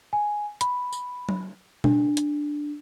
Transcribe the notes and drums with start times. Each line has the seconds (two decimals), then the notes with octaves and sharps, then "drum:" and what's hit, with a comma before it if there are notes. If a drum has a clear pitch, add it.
0.13 G#5
0.61 B5, drum: hi-hat
0.93 drum: tambourine
1.29 drum: tom F#3
1.84 D4, drum: tom B2
2.17 drum: hi-hat